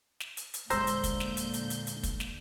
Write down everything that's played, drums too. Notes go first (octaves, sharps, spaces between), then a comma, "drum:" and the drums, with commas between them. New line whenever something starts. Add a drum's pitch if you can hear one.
drum: snare
drum: hi-hat
drum: hi-hat
E2 A#2 D3 G#3 C5 A#5 E6 G6, drum: hi-hat
drum: hi-hat
drum: kick, hi-hat
drum: snare
drum: hi-hat
drum: hi-hat
drum: hi-hat
drum: hi-hat
drum: kick, hi-hat
drum: snare